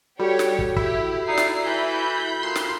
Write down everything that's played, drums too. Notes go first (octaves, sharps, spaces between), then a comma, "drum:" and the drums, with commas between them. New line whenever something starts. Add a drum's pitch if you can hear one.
G3 F#4 G4 A4 C#5
drum: snare
drum: kick
E4 G4, drum: kick
D#4 D5 C7
drum: snare
E3 B5 G6
A#2 C6
drum: snare